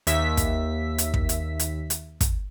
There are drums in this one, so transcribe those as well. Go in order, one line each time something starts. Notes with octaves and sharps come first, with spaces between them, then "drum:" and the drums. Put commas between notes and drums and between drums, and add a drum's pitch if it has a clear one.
D#2 E5 B6, drum: hi-hat
drum: kick, hi-hat
drum: hi-hat
drum: kick
drum: hi-hat
drum: hi-hat
drum: hi-hat
drum: kick, hi-hat